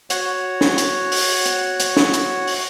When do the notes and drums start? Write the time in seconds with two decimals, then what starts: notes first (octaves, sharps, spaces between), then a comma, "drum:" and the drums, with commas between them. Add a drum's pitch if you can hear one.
0.10 F#4 C#5 F#5, drum: hi-hat
0.61 drum: snare
0.78 drum: hi-hat
1.12 drum: open hi-hat
1.46 drum: hi-hat
1.80 drum: hi-hat
1.97 drum: snare
2.14 drum: hi-hat
2.47 drum: open hi-hat